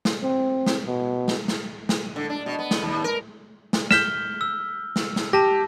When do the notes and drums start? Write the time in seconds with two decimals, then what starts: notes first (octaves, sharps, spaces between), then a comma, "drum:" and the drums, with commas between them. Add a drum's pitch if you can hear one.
0.05 drum: snare
0.23 C4
0.66 drum: snare
0.87 B2
1.28 drum: snare
1.48 drum: snare
1.89 drum: snare
2.16 D3
2.30 D4
2.46 B2
2.59 B3
2.71 drum: snare
2.82 D#2
3.04 A#4
3.73 drum: snare
3.91 F6 G6 B6 E7 G7, drum: snare
4.41 E6
4.96 drum: snare
5.16 drum: snare
5.33 G4 A5 A#6